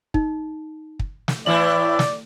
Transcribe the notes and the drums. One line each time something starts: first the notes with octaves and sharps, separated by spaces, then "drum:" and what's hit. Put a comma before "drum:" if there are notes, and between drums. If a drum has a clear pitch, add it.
D#4, drum: kick
drum: kick
drum: snare
A2 E3 E4 D5 F#7
drum: snare